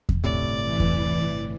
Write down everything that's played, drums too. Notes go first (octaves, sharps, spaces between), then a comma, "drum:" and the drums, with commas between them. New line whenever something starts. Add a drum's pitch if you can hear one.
drum: kick E2
G1 A2 C3 D5
E3
drum: kick E2